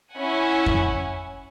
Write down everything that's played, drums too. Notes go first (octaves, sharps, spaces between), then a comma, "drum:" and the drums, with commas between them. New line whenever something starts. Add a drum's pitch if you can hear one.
C#4 E4 F#5 G#5
drum: kick F2